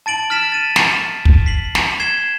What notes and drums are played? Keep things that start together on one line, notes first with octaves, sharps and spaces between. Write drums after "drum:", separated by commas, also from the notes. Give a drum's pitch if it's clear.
A5 A6 D7 F#7
F6 A6 B6 E7
A6 D#7
drum: snare
drum: kick
B6 C7 F#7
drum: snare
G#6 C7 E7 G7